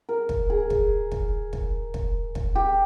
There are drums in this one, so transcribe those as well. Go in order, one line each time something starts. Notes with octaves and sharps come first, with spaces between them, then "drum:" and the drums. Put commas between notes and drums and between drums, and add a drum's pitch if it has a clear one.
A#4
drum: kick
G#4
drum: kick
drum: kick
drum: kick
drum: kick
drum: kick
G4